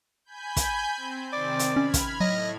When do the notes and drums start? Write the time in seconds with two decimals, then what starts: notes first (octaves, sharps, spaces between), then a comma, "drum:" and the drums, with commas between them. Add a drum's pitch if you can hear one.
0.25 G#5 B5 G6
0.57 drum: kick, hi-hat
0.97 C4
1.33 C3 D#3 C4 D5
1.59 drum: hi-hat
1.76 C#4 B5 F6 G#6
1.94 drum: kick, hi-hat
2.20 A2 F#3 D#5